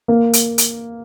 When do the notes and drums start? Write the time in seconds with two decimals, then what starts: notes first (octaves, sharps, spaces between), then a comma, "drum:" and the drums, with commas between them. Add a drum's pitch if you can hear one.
0.08 A#3
0.33 drum: hi-hat
0.58 drum: hi-hat